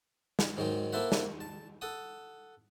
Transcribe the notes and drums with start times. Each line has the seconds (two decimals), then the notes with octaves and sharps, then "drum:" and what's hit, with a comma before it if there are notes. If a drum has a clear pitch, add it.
0.39 drum: snare
0.57 G#2 D#3 F#3 G#3
0.93 A#3 E4 A4 C5 E5 F#5
1.12 drum: snare
1.40 A5
1.81 A4 F#5 D#6